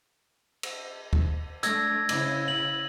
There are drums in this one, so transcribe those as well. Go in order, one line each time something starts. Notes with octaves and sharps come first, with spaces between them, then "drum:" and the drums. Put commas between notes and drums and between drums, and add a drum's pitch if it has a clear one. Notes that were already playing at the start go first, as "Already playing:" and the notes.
drum: cymbal
drum: kick
A3 D4 E6 G#6 A#6, drum: hi-hat
C#3 E4, drum: cymbal
F#7